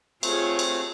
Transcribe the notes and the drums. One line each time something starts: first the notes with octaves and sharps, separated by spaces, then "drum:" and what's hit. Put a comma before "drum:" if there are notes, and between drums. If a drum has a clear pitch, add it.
A3 C4 F4 G#4 C#5, drum: cymbal
drum: cymbal